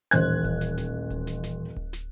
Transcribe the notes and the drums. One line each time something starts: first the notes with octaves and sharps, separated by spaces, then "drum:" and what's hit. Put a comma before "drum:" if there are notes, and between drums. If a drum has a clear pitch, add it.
D#1 A1 C5 F#6 G#6, drum: snare
drum: kick D1, hi-hat
drum: snare
drum: snare
drum: kick D1, hi-hat
drum: snare
drum: snare
drum: kick D1
drum: snare